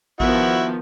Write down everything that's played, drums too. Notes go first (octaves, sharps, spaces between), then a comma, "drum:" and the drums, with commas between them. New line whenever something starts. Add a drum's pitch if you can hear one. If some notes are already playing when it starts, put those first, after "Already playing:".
D#3 F3 B3 E4 F#4, drum: kick A1